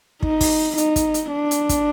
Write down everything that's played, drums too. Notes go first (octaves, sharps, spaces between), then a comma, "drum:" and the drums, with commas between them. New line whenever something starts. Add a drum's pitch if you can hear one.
D#4, drum: kick
drum: kick, open hi-hat
D#4, drum: hi-hat
drum: kick, hi-hat
drum: hi-hat
D4
drum: hi-hat
drum: kick, hi-hat